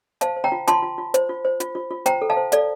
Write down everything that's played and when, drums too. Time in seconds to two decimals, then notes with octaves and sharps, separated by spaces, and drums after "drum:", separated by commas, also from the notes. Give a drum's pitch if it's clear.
0.21 C5 F5 A5, drum: hi-hat
0.37 C5
0.44 G5 A#5
0.52 F4
0.67 F4 A5 C6, drum: hi-hat
0.82 F4
0.98 F4
1.14 C5, drum: hi-hat
1.29 F4
1.45 C5
1.60 F4, drum: hi-hat
1.75 F4
1.91 F4
2.06 C5 G5 A#5, drum: hi-hat
2.22 A4
2.30 F5 A5
2.37 C5
2.52 A4 D5 F5, drum: hi-hat